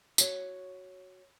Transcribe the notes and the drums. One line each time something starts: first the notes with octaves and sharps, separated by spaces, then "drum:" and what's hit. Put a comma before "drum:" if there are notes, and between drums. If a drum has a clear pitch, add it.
F#4 C#5, drum: tambourine